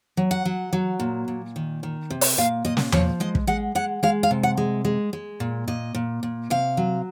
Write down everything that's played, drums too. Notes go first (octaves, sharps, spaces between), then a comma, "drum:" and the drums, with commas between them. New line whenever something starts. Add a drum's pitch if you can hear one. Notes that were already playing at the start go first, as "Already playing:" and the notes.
F#3
F#5
F#3
F#3
A#2
A#2
D#3
D#3
C3
drum: open hi-hat
A#2 F5
A#2 D#5
drum: snare
F3 C#5, drum: tom E2
G#3 D#5
drum: kick
G#3 F#5
G#3 F#5
G#3 F5
F5
C3
F#5
G#3
G#3
G#3
A#2
A#2 D#5
A#2
A#2
C3 F5
F#3